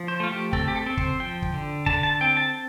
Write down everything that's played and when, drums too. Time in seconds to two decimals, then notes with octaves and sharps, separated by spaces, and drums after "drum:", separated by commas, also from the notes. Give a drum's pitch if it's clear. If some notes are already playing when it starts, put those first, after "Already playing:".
Already playing: F3
0.08 C5
0.20 A3 F4
0.30 G4
0.53 C4 A4, drum: kick
0.68 G4
0.76 A4
0.86 C4
0.97 C5, drum: kick
1.20 F3 G5
1.42 drum: kick
1.54 D3
1.86 D3 A5, drum: kick
2.03 A5
2.21 C4 G5
2.37 A5